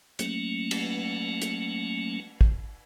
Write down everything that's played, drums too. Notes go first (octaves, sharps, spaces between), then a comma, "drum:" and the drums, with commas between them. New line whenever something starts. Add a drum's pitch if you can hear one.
F#3 A3 A#3 C#4, drum: hi-hat
drum: cymbal
drum: hi-hat
drum: kick